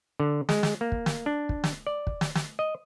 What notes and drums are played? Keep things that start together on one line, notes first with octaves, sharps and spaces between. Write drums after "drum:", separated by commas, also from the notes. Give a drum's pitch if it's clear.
D3
G#3, drum: snare
drum: snare
A#3
drum: kick
drum: snare
D4
drum: kick
drum: snare
D5
drum: kick
drum: snare
drum: snare
D#5